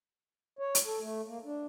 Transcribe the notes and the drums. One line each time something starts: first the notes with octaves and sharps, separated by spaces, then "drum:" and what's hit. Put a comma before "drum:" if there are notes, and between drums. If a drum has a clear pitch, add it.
C#5
drum: hi-hat
A4
A3
A#3
D4